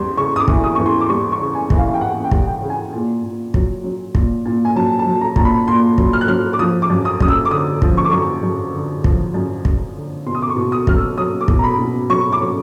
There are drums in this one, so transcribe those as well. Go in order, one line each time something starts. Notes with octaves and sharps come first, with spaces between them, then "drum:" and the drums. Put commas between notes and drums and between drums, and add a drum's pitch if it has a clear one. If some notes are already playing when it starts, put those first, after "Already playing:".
Already playing: E2 G3 C6
C#3 C#6
D#6
D6
E3, drum: kick
D#6
E2 C#6
C6
D6
G3 C#6
C#6
C#3
G#5
E3, drum: kick
F5
G5
E2 F#5
G5
G3, drum: kick
G5
C#3
G#5
A#2
A#2
F#3, drum: kick
F#3
A#2, drum: kick
A#2
G#5
F#3 A5
A5
F#3
A#5
A#2 A#5, drum: kick
B5
A#2 C6
F#3, drum: kick
F6
F#6
F#3 F6
D6
F3 D#6
D6
F#2
D#6
F#2 D#6, drum: kick
E6
D6
D3 D#6
F3, drum: kick
C#6
D6
F#2 C#6
F#2
D3
F3, drum: kick
F#2
F#2, drum: kick
D3
B2 C6
D#6
D6
C#6
B2
D#6
F#3 F6, drum: kick
E6
F#3 D#6
D6
B2, drum: kick
A#5
B5
B2
F#3 C#6
D6
F#3